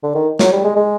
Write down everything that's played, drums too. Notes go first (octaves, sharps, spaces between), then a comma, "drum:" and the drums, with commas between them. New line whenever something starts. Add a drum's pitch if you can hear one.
D3
D#3
F#3, drum: snare
G3
G#3
G#3